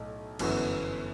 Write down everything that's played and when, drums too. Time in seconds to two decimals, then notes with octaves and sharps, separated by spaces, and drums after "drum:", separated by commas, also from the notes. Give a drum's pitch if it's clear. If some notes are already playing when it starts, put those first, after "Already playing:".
Already playing: B1 A2
0.39 G1 F#2 E3 B3, drum: cymbal